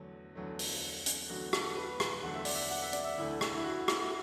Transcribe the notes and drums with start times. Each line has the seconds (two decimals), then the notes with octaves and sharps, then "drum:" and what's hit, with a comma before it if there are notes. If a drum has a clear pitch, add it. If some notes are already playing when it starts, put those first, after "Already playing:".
Already playing: E2 D3 F#3 A3
0.35 E2 D3 F#3 A3
0.59 drum: open hi-hat
1.06 drum: hi-hat
1.29 E2 D3 F#3 A3 F#4
1.53 A4, drum: rim click
1.76 B4
2.00 drum: rim click
2.23 E2 D3 F#3 A3 F#5
2.34 E5
2.45 D5, drum: open hi-hat
2.55 E5
2.70 F#5
2.82 E5
2.93 D5, drum: hi-hat
3.04 E5
3.17 D2 D3 A3 E4
3.41 drum: rim click
3.57 E4
3.64 F#4
3.88 drum: rim click